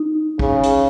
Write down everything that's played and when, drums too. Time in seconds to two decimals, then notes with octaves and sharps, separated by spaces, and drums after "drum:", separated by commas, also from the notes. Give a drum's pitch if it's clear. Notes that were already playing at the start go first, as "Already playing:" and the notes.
Already playing: D#4
0.39 C#3, drum: kick
0.63 drum: hi-hat